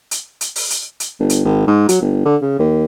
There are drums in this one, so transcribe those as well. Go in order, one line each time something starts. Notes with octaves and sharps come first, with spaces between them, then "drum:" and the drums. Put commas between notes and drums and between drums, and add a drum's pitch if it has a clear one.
drum: hi-hat
drum: hi-hat
drum: open hi-hat
drum: hi-hat
drum: hi-hat
G1
drum: hi-hat
G#1
G#2
F#3, drum: hi-hat
G1
D3
C#3
D#2